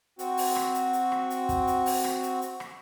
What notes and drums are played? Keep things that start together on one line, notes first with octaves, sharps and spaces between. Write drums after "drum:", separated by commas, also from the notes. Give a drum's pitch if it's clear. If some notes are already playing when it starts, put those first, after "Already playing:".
C4 F#4, drum: hi-hat
drum: open hi-hat
drum: rim click
drum: hi-hat
drum: hi-hat
drum: rim click
drum: hi-hat
drum: kick, hi-hat
drum: hi-hat
drum: open hi-hat
drum: rim click
drum: hi-hat
drum: hi-hat
drum: rim click